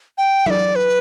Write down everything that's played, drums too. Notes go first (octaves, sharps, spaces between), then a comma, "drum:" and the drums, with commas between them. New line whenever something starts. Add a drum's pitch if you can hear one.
G5
E5, drum: tom F#3
D5
B4